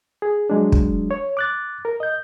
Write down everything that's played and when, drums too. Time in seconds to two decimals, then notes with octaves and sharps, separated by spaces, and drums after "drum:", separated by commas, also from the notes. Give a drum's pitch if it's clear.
0.22 G#4
0.50 F#3 G#3 D4
0.72 drum: kick
1.11 C#5
1.37 D6 F#6 A6
1.85 A#4
2.00 D#5 G6